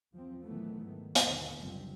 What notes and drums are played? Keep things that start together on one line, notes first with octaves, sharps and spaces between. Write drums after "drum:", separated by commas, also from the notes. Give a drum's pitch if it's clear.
E2 F3 C4
B2 D#3 E3 F#3 A3 B3
G#2 D#3 A3
D#2 B2 D3 D#3 A#3 B3, drum: hi-hat
F#1 C#2 D3 F3 G3 C4